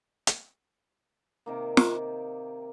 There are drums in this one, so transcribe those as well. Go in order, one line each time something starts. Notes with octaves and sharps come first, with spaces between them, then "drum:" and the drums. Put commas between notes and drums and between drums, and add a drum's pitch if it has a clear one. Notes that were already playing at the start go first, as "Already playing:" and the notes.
drum: hi-hat
C3 D#3 A#3
drum: snare